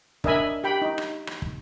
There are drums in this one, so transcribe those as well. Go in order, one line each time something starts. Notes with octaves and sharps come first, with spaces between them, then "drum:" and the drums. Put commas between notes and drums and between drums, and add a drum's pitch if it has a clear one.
D4 A#4 D#5 E5 G#5 B5, drum: kick
G4 G5 B5
D#4
drum: rim click
drum: rim click
drum: kick